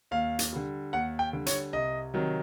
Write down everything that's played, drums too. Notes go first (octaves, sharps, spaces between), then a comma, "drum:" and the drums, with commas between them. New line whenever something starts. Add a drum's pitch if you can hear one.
D#2 F5
drum: hi-hat
D3 G3
D#2 F#5
G5
D3 G3
C#5, drum: hi-hat
C2 D#5
C3 D#3 F#3